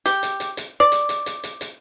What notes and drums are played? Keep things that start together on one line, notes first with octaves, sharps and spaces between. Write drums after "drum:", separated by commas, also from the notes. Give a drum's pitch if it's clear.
G4, drum: hi-hat
drum: hi-hat
drum: hi-hat
drum: hi-hat
D5
drum: hi-hat
drum: hi-hat
drum: hi-hat
drum: hi-hat
drum: hi-hat